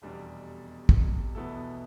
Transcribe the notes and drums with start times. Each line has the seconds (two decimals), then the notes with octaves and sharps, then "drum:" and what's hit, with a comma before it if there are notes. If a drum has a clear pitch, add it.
0.02 F1 E2 B2 G3 D4
0.89 drum: kick
1.35 E2 B2 B3 E4 A4